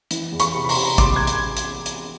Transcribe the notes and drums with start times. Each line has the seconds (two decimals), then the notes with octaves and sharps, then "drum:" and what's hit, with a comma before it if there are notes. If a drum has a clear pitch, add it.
0.11 E3, drum: hi-hat
0.32 E2
0.40 B5 C#6, drum: hi-hat
0.54 C3
0.64 B5
0.69 A#5 C6, drum: open hi-hat
0.76 C3
0.98 E2 C6 D6, drum: kick A1, hi-hat
1.16 G#6
1.27 drum: hi-hat
1.57 drum: hi-hat
1.86 drum: hi-hat